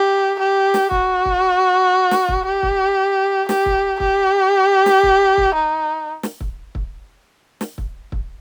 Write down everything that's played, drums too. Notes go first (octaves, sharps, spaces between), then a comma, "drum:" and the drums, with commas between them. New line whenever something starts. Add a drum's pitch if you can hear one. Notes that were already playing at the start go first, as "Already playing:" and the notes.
Already playing: G4
G4
drum: snare
F#4, drum: kick
drum: kick
drum: snare
drum: kick
G4
drum: kick
G4, drum: snare
drum: kick
G4, drum: kick
drum: snare
drum: kick
drum: kick
D#4
drum: snare
drum: kick
drum: kick
drum: snare
drum: kick
drum: kick